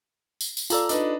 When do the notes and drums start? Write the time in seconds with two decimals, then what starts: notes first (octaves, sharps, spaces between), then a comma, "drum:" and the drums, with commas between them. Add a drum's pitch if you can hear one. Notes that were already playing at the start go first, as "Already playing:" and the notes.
0.41 drum: tambourine
0.57 drum: tambourine
0.70 F4 A4 D5 A#5 E6, drum: tambourine
0.89 D4 D#4 B4, drum: tambourine